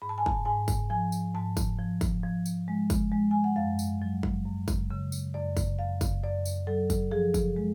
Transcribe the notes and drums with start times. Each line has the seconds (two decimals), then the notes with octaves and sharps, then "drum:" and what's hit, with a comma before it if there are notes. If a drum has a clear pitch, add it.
0.02 G#2 B5
0.09 A5
0.18 G#5
0.26 A5, drum: kick
0.45 G#2 G#5
0.68 drum: kick, tambourine
0.90 F3 G#5
1.12 drum: tambourine
1.34 G#2 A5
1.57 drum: kick, tambourine
1.79 F3
2.01 drum: kick, tambourine
2.23 F3
2.46 drum: tambourine
2.68 G#3
2.90 drum: kick, tambourine
3.12 G#3
3.31 G#5
3.44 F#5
3.56 F#2 F5
3.79 drum: tambourine
4.02 F#3
4.23 drum: kick
4.46 F#2
4.68 drum: kick, tambourine
4.91 C#3
5.12 drum: tambourine
5.34 F#2 D5
5.57 drum: kick, tambourine
5.78 F#2 F5
6.01 drum: kick, tambourine
6.23 F#2 D5
6.45 drum: tambourine
6.67 F#3 A4
6.90 drum: kick, tambourine
7.11 F3 G#4
7.34 drum: kick, tambourine
7.56 G#3